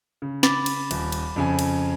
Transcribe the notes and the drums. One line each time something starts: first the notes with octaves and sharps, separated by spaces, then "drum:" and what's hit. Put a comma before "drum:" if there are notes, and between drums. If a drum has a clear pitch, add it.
C#3
B5 D6 A6, drum: snare
drum: cymbal
D#1, drum: cymbal
drum: cymbal
F2 C#3 G#5
drum: cymbal